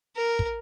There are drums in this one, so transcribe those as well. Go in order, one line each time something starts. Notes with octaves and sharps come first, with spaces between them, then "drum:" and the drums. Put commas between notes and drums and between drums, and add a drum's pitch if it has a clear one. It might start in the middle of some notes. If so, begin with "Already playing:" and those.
A#4
drum: kick